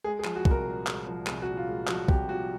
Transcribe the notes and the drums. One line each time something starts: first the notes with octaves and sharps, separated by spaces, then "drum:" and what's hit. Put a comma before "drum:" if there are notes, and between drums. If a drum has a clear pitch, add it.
G#3 G#4
G#4
F3, drum: clap
F#4
C2, drum: kick
A#4
A#2
G#3, drum: clap
F3
C2 G#4, drum: clap
F#4
A#2
F4
G#3
F3 F#4, drum: clap
C2 G4, drum: kick
A#2 F#4